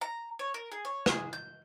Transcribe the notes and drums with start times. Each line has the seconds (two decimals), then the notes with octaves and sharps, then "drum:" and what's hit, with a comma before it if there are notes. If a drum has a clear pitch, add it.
0.01 A#5
0.39 C#5
0.54 A#4
0.72 G#4
0.85 C#5
1.06 G#4, drum: rim click
1.33 G6